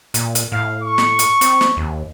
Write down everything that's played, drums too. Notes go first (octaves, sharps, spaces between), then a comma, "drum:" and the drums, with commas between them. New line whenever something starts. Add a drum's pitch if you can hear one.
A#2, drum: hi-hat
drum: hi-hat
A2 F5
C#6
drum: snare
drum: hi-hat
C4, drum: hi-hat
drum: snare
D#2